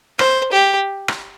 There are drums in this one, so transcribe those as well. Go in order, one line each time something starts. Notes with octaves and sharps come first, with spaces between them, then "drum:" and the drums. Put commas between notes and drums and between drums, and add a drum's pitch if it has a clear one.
C5, drum: rim click
G4
drum: rim click